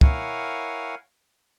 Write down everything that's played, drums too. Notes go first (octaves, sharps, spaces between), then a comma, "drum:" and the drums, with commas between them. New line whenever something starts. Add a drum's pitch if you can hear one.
E4 A#4 C#5 F5 F#5 G#5, drum: kick